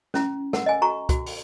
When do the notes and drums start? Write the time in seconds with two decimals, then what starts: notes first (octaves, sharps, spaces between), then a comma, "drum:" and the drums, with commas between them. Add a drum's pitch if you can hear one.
0.14 C#4 E4, drum: snare
0.53 A4 A#4 F#5, drum: snare
0.66 D#5 G#5
0.82 F#4 A4 A#5 C#6
1.09 F#4, drum: kick, hi-hat
1.26 drum: open hi-hat